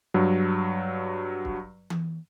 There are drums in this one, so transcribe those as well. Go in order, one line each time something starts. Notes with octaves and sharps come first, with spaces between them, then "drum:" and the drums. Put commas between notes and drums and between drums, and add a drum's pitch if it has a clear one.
G2 F#3
drum: kick
drum: tom E3